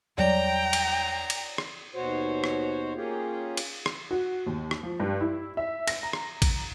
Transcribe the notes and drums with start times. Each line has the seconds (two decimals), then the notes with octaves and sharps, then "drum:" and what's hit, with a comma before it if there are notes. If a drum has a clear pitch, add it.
0.18 E2 F#3 G3 C#5 D5 G5 A#5
0.73 drum: cymbal
1.30 drum: cymbal
1.58 drum: rim click
1.95 D#2 B2 F#4 C5 C#5
2.44 drum: rim click
2.95 A#3 C#4 F4 G4 G#4
3.57 drum: cymbal
3.86 drum: rim click
4.11 F#4
4.47 D#2
4.71 drum: rim click
4.83 F3
5.00 G2
5.21 E4
5.57 E5
5.88 A#6, drum: cymbal
6.03 A#5
6.13 drum: rim click
6.42 drum: kick A#1, cymbal